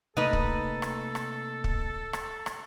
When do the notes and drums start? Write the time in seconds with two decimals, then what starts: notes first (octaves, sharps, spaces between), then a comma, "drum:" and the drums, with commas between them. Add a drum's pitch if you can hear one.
0.17 C3 A3 A#3 D#4 A4 B4 D#5
0.33 drum: kick
0.82 drum: rim click
1.15 drum: rim click
1.64 drum: kick
2.13 drum: rim click
2.46 drum: rim click